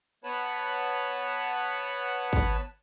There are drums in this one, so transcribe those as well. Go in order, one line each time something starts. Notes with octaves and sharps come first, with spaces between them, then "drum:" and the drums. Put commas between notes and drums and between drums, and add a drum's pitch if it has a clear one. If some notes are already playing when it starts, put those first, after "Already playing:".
B3 B4 C#5 F#5 A5 B5, drum: tambourine
drum: kick